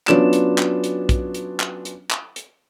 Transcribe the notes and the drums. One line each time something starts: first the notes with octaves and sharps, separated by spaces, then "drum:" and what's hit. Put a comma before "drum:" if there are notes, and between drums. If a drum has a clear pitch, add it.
F#3 B3 C#4 D4 F4 E7, drum: clap
drum: hi-hat
drum: clap
drum: hi-hat
drum: kick, hi-hat
drum: hi-hat
drum: clap
drum: hi-hat
drum: clap
drum: hi-hat